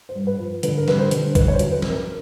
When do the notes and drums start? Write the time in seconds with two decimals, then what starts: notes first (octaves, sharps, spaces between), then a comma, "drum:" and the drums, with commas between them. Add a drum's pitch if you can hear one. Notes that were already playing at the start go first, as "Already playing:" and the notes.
0.09 C5
0.15 G2
0.27 B4
0.39 F3
0.63 D3 B4, drum: hi-hat
0.78 A#4
0.88 G3 B4, drum: snare
0.99 C5
1.11 D3, drum: hi-hat
1.35 G3 B4, drum: kick, hi-hat
1.48 C#5
1.53 C5
1.59 F#2, drum: hi-hat
1.72 B4
1.82 F#2, drum: snare
1.90 A#4